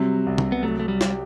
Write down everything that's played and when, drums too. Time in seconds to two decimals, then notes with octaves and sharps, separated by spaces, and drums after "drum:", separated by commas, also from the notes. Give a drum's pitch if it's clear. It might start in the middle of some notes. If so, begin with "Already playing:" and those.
Already playing: C3 F#3 G3
0.26 C2
0.38 drum: tom C3
0.52 B3
0.63 F#3 A3
0.79 A3
0.88 G3
1.01 G4, drum: snare